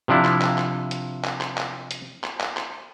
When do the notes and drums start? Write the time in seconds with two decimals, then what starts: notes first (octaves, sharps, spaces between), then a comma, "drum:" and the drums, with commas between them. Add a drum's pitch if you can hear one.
0.08 C3 F3 D4 E4
0.25 drum: clap
0.41 drum: clap
0.58 drum: clap
0.91 drum: hi-hat
1.24 drum: clap
1.41 drum: clap
1.58 drum: clap
1.91 drum: hi-hat
2.24 drum: clap
2.40 drum: clap
2.57 drum: clap